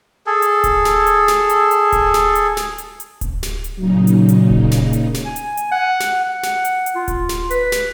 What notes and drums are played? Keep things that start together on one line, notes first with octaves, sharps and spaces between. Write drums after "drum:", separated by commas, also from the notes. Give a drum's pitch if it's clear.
G#4 A4
drum: hi-hat
drum: kick D1, hi-hat
drum: snare
drum: hi-hat
drum: snare
drum: hi-hat
drum: hi-hat
drum: kick D1, hi-hat
drum: snare
drum: hi-hat
drum: snare
drum: hi-hat
drum: hi-hat
drum: kick D1, hi-hat
drum: snare
drum: hi-hat
A#2 C#3 F#3 D#4
drum: hi-hat
drum: hi-hat
drum: kick D1
drum: snare
drum: hi-hat
drum: snare
G#5
drum: hi-hat
drum: hi-hat
F#5
drum: snare
F#5
drum: snare
drum: hi-hat
drum: hi-hat
F4
drum: kick D1, hi-hat
drum: snare
B4, drum: hi-hat
drum: snare